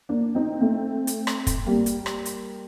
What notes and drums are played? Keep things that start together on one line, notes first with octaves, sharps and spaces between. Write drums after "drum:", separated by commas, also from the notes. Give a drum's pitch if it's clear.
A#3 D4
C4 D#4
A3 C4
drum: hi-hat
drum: rim click
drum: kick, hi-hat
G3 A#3
drum: hi-hat
drum: rim click
drum: hi-hat